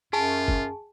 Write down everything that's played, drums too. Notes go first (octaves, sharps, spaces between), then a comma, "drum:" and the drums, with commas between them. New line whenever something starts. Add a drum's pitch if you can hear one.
F#2 F4 G#4 G#5 A5
drum: kick F#1